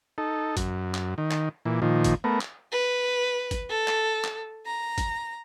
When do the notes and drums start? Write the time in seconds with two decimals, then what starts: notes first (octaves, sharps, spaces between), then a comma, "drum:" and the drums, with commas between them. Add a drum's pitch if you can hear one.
0.18 D#4 A4
0.57 F#2, drum: kick, hi-hat
0.95 drum: clap
1.18 D#3
1.31 drum: clap
1.66 A#2 E3
1.82 A#2 D#3 F3
2.04 drum: kick, hi-hat
2.24 A3 B3 A#4
2.41 drum: clap
2.72 B4
3.51 drum: kick, hi-hat
3.69 A4
3.88 drum: clap
4.24 drum: clap
4.66 A#5
4.98 drum: kick, hi-hat